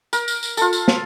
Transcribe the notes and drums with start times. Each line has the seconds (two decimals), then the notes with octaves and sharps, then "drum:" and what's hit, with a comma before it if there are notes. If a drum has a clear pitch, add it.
0.13 A#4, drum: tambourine
0.28 drum: tambourine
0.43 drum: tambourine
0.57 F4 A4, drum: tambourine
0.73 drum: tambourine
0.88 drum: snare